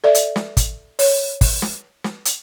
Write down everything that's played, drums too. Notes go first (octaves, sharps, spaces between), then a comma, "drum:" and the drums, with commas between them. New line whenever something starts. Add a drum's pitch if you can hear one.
A4 D5 E5
drum: hi-hat
drum: snare
drum: kick, hi-hat
C#5, drum: open hi-hat
drum: kick, open hi-hat
drum: snare
drum: snare
drum: hi-hat